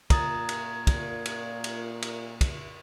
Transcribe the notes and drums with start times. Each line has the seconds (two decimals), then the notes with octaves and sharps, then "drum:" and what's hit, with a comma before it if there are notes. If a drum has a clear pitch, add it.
0.10 A#2 A#5 D#6 G#6 A6, drum: kick, cymbal
0.49 drum: cymbal
0.87 drum: kick, cymbal
1.26 drum: cymbal
1.64 drum: cymbal
2.02 drum: cymbal
2.41 drum: kick, cymbal